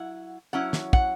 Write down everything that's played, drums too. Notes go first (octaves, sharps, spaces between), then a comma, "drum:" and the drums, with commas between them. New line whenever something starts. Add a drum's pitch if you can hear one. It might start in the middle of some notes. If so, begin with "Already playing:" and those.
Already playing: F#3 E4 F#5
F#3 C#4 E4 F#5
drum: snare
F#5, drum: kick